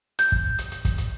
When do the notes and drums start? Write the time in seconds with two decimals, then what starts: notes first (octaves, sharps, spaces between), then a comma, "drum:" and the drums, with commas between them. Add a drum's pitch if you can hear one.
0.19 G6, drum: hi-hat
0.32 drum: kick
0.58 drum: hi-hat
0.72 drum: hi-hat
0.85 drum: kick, hi-hat
0.98 drum: hi-hat